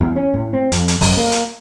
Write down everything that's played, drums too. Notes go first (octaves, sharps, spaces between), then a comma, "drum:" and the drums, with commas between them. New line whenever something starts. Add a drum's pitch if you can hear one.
E2
C#4
A2
C4
F2, drum: hi-hat
drum: hi-hat
F#2, drum: kick, open hi-hat
A#3
drum: hi-hat